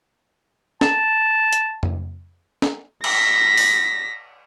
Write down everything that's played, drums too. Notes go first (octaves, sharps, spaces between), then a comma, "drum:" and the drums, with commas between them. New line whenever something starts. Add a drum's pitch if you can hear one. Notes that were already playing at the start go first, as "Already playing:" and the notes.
A5, drum: snare
drum: hi-hat
drum: tom F2
drum: snare
A#6 B6, drum: cymbal
drum: open hi-hat